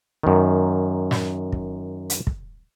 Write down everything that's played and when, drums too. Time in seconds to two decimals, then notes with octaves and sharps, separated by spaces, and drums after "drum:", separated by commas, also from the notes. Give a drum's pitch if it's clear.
0.23 F#2 D#3
1.11 drum: snare
1.52 drum: kick
2.10 drum: hi-hat
2.27 drum: kick